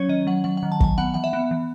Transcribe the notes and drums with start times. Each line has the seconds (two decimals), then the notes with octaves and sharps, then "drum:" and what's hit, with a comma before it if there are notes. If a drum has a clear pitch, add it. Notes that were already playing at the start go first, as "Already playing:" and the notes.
Already playing: F#3 C#4 C#5
0.09 D#3 D#5
0.27 F#3 F#5
0.44 F#3 F#5
0.57 F#5
0.63 D#3
0.72 A5
0.80 F#3 G#5, drum: kick
0.98 B3 F#5
1.14 E3 F#5
1.24 E5
1.33 B3
1.51 E3